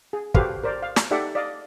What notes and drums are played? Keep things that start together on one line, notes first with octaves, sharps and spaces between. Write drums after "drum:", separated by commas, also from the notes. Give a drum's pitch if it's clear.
G#4
F#4 G4 A4 B4 C5 F5, drum: kick
A#4 C5 D5
F5
drum: snare
D#4 G4 A4 D5 E5 F#5
D5 D#5 F5